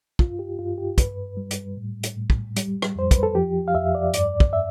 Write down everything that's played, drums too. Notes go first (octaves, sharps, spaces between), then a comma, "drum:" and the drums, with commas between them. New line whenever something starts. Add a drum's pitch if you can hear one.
G2 F4, drum: kick
G4
G2 F4
G4
G2 B4, drum: kick, hi-hat
G3
drum: hi-hat
A2
drum: hi-hat
A2
drum: kick
G3, drum: hi-hat
drum: rim click
F2 C5
B4, drum: kick, hi-hat
A4
F3 G4
F5
F2 E5
D5
G2 D5, drum: hi-hat
drum: kick
E5